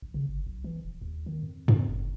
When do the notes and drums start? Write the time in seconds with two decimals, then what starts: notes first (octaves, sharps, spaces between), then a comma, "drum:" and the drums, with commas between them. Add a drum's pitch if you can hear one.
0.02 A#1
0.14 C#3
0.29 G1
0.47 B1
0.64 E3
0.85 E1
1.02 D#2
1.26 D#3
1.43 F2
1.68 A2, drum: tom
1.89 F#1